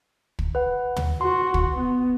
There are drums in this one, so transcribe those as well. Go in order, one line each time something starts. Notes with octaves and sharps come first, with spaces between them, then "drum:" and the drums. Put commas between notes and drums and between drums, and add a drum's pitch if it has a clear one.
drum: kick
B4 F#5
drum: tom
F#4 C6
drum: kick
B3